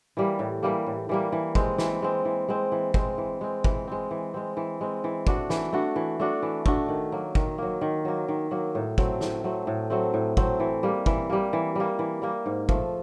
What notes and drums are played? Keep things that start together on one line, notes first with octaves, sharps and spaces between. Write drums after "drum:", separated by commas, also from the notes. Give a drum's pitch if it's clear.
E3 G3 A#3
A2
E3 G3 A#3
A2
E3 G3 A#3
E3
G#3 C4, drum: kick
E3, drum: snare
G#3 C4
E3
G#3 C4
E3
G#3 C4, drum: kick
E3
G#3 C4
E3, drum: kick
G#3 C4
E3
G#3 C4
E3
G#3 C4
E3
A3 D4 F#4, drum: kick
E3, drum: snare
A3 D4 F#4
E3
A3 D4 F#4
E3
A3 D4 F#4, drum: kick
D#3
F#3 A#3
D#3, drum: kick
F#3 A#3
D#3
F#3 A#3
D#3
F#3 A#3
A2
F#3 A3 C4, drum: kick
A2, drum: snare
F#3 A3 C4
A2
F#3 A3 C4
A2
F#3 A3 C4, drum: kick
E3
G3 A#3
E3, drum: kick
G3 A#3
E3
G3 A#3
E3
G3 A#3
G#2
F3 A3, drum: kick